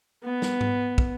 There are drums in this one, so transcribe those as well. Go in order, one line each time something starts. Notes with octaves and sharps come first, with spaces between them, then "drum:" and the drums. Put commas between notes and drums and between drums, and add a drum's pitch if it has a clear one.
B3
drum: snare
drum: tom G#2
drum: kick